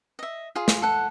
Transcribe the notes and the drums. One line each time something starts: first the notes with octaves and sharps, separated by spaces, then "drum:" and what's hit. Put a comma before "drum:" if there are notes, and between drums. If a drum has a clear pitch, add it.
D#5 E5
F4 G#4
drum: snare
A4 F#5